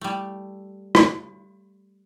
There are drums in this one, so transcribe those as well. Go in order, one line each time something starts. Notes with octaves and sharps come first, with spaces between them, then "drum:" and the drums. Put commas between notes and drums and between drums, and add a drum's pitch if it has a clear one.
G3 A3
drum: rim click